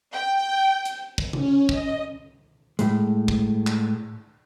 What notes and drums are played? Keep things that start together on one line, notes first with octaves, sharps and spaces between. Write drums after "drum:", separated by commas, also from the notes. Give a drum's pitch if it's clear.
G5
drum: hi-hat
drum: kick
C#4, drum: tom C#3
D#5, drum: kick
A2 G#3, drum: hi-hat
drum: kick
drum: clap